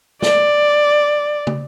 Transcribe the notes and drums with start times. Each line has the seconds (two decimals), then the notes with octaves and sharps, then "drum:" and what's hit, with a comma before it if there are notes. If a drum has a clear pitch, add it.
0.22 D5, drum: snare
1.47 drum: tom